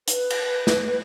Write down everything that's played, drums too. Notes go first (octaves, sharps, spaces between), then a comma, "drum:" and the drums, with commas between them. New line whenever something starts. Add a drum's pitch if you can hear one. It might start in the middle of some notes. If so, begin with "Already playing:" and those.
B4, drum: hi-hat
drum: cymbal
drum: snare